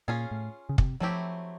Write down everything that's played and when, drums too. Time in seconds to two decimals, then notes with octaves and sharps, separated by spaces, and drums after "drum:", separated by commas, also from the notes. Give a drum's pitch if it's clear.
0.08 A#2 C#4 F4 G#4
0.31 A2
0.69 C#3
0.78 C3, drum: kick
1.00 F3 F#3 A3 C4 E4 G4